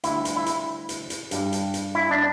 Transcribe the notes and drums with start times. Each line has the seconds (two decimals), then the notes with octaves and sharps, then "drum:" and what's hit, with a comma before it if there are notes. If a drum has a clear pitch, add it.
0.04 D2 D3 G3 E4, drum: hi-hat
0.25 drum: hi-hat
0.36 E4
0.46 drum: hi-hat
0.89 drum: hi-hat
1.10 drum: hi-hat
1.31 G2 G3, drum: hi-hat
1.52 drum: hi-hat
1.74 drum: hi-hat
1.95 E4
2.11 D4